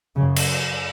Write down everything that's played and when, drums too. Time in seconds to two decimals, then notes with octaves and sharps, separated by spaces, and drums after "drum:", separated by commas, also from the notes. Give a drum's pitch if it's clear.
0.17 F#2 C#3
0.36 drum: cymbal